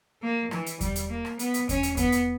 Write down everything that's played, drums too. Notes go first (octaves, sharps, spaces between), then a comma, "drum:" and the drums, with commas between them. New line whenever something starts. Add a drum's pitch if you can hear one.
A#3
E3, drum: rim click
drum: hi-hat
G3, drum: kick E2, hi-hat
drum: hi-hat
A#3
drum: rim click
B3, drum: hi-hat
drum: hi-hat
C#4, drum: kick E2, hi-hat
drum: hi-hat
B3, drum: kick E2, hi-hat
drum: hi-hat